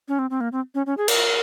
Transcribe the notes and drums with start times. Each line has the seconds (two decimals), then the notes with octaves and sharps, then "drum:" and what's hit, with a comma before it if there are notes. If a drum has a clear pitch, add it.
0.08 C#4
0.19 C4
0.30 C4
0.41 A#3
0.52 C4
0.75 C#4
0.86 C#4
0.97 G#4
1.08 A#4, drum: cymbal